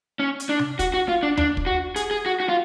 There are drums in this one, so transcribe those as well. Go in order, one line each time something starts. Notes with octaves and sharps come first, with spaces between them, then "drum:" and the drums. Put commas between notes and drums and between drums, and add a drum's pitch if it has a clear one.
C#4
drum: hi-hat
D4
drum: tom C3
F#4, drum: kick, hi-hat
F#4
F4
D4
D4, drum: tom D#2
drum: kick
F#4
G#4, drum: hi-hat
G#4
F#4
F#4
F4